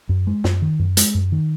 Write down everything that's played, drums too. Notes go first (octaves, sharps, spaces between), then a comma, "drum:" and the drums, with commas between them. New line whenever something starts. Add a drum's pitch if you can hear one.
F#2
G#3
F#2, drum: snare
D#3
F#2
G#3, drum: hi-hat
F#2
D#3